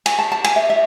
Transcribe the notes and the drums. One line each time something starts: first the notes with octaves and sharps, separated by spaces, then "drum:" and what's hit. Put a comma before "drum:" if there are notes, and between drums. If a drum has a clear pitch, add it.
G#5, drum: cymbal
A5
A5
G#5, drum: cymbal
E5
E5